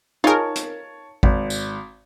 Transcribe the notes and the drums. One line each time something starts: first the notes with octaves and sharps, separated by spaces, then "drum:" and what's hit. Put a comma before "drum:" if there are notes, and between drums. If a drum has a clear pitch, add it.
D#4 F4 G#4 A#4 C#5 A5
drum: hi-hat
G#1, drum: kick A1
drum: tambourine